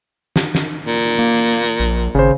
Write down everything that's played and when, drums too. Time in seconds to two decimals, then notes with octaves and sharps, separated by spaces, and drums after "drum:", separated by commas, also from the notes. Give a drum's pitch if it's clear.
0.36 drum: snare
0.55 drum: snare
0.86 A#2
1.19 A#3
1.80 A#1
2.15 G#1 C#3 C5